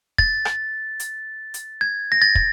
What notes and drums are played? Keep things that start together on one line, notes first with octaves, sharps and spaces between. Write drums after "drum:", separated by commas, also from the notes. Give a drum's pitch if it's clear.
A6, drum: kick
drum: rim click
drum: hi-hat
drum: hi-hat
G#6
A#6
A6
drum: kick